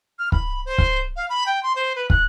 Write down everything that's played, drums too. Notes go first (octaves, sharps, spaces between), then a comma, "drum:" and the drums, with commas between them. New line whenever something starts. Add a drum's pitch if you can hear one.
F6
B5, drum: kick
C5
drum: kick
F5
B5
G5
C6
C5
B4
F#6, drum: kick